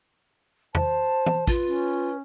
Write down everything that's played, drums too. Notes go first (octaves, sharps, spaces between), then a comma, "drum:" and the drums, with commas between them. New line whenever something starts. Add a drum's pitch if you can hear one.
C5 A5, drum: tom
drum: tom
F4 B4, drum: kick
C#4